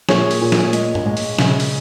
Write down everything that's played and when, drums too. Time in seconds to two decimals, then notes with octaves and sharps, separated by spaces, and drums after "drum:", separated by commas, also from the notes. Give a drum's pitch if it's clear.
0.09 A#2 G#4 C#5, drum: snare
0.31 drum: open hi-hat
0.41 A#2
0.52 drum: snare
0.73 G#3, drum: hi-hat
0.95 drum: tom G#2
1.06 G#3
1.17 drum: open hi-hat
1.39 C#3, drum: snare
1.60 drum: open hi-hat